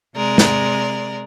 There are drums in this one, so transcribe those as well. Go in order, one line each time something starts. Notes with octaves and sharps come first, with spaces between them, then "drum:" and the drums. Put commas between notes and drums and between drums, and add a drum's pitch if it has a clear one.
C3 G#3 A#4 D5
drum: snare